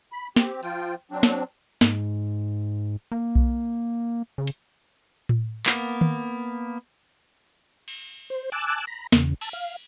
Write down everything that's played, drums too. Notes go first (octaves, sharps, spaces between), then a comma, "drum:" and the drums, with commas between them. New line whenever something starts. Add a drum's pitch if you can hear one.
B5
C4 G4, drum: snare
F3 F4 G5, drum: tambourine
F#3 C4 D4
drum: snare
G#2, drum: snare
A#3
drum: kick B1
C#3
drum: hi-hat
drum: tom A2
A#3 B3, drum: clap
drum: tom D#3
drum: cymbal
C5
G#5 A5 D6 E6 F#6
A#5 B5
E2 C#3, drum: snare
A5 E6, drum: cymbal
F5